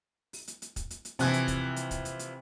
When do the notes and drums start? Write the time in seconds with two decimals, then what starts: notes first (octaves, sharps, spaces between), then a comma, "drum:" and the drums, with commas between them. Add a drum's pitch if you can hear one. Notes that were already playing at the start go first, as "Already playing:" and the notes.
0.33 drum: open hi-hat
0.48 drum: hi-hat
0.62 drum: hi-hat
0.76 drum: kick, hi-hat
0.90 drum: hi-hat
1.05 drum: hi-hat
1.19 C3 E3 F3 F#6 G#6, drum: open hi-hat
1.33 drum: hi-hat
1.48 drum: kick, hi-hat
1.76 drum: hi-hat
1.91 drum: kick, hi-hat
2.05 drum: hi-hat
2.19 drum: hi-hat